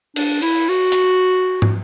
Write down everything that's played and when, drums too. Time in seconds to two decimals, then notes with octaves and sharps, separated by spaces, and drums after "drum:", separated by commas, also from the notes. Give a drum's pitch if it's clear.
0.16 D4, drum: cymbal
0.42 E4, drum: cymbal
0.69 F#4
0.92 drum: hi-hat
1.62 drum: tom